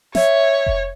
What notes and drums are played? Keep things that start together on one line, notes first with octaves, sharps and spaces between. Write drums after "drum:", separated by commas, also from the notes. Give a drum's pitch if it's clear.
C#5 E5, drum: snare
drum: kick F1